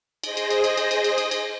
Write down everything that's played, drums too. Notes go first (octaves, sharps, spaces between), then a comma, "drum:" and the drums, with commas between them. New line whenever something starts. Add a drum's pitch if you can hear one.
G#4 C5 D#5 A#6, drum: cymbal
drum: cymbal
drum: cymbal
drum: cymbal
drum: cymbal
drum: cymbal
drum: cymbal
drum: cymbal
drum: cymbal